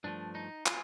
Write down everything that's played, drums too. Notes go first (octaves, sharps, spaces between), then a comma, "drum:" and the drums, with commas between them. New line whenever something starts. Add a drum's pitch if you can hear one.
G2 F3 A3 D4
D#4
F4, drum: clap